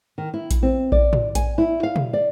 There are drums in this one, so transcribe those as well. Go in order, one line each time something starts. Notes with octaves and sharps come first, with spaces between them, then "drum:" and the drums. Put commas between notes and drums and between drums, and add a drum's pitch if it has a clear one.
D#3
E4
drum: kick A#1, hi-hat
C4
D5, drum: kick A#1
drum: tom
G#5, drum: kick A#1, hi-hat
E4
F5
drum: tom
D5